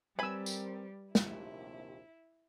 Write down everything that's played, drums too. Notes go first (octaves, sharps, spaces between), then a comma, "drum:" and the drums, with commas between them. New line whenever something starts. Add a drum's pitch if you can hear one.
G3 C4 A#4 B4 G#5 B5 E6
drum: tambourine
A#1 D#2 C3 E4, drum: snare